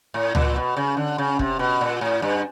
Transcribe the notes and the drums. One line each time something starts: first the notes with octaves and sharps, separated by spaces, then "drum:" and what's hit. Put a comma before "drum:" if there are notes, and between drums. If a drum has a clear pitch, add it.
A2
A#2, drum: tom C#2
B2
C#3
D3
C#3
C3, drum: kick
B2
A#2
A2
G2